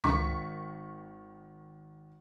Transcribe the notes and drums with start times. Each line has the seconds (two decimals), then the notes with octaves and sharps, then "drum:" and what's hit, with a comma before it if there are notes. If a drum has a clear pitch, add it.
0.04 G#1 D#3 C#6 B6, drum: tom C#2